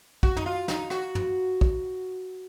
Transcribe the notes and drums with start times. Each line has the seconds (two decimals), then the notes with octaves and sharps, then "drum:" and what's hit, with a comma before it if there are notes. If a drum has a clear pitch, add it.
0.23 F#4, drum: kick
0.37 D#4, drum: tom
0.46 F4
0.68 D#4, drum: snare
0.90 F#4, drum: rim click
1.15 drum: tom
1.61 drum: kick